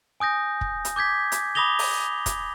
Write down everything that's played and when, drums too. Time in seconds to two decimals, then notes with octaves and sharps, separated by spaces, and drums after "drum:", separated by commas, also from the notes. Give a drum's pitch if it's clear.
0.20 G#5 D#6 G6 A#6
0.61 drum: kick
0.85 drum: hi-hat
0.96 D6 G6 G#6 B6
1.32 drum: hi-hat
1.55 B5 D6 D#6 A#6 F7 G7
1.79 drum: open hi-hat
2.26 drum: kick, hi-hat